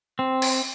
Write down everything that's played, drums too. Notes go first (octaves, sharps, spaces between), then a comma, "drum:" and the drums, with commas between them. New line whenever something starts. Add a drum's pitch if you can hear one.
C4
drum: cymbal